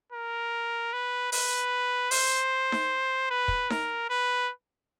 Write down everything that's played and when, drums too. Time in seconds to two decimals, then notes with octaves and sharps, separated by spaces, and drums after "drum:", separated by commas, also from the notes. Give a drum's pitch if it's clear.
0.13 A#4
0.93 B4
1.32 B4, drum: open hi-hat
2.11 C5, drum: open hi-hat
2.72 drum: snare D#4
3.31 B4
3.48 drum: kick
3.70 A#4, drum: snare D#4
4.10 B4